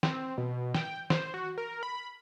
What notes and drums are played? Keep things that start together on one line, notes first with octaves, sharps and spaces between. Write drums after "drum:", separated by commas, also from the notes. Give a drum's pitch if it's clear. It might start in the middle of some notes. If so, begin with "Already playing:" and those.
C4, drum: snare
B2
G5, drum: snare
C5, drum: snare
F#4
A#4
B5